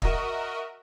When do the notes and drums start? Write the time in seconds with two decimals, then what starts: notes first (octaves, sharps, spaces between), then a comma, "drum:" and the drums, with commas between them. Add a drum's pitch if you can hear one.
0.02 F#4 A#4 D#5 E5, drum: kick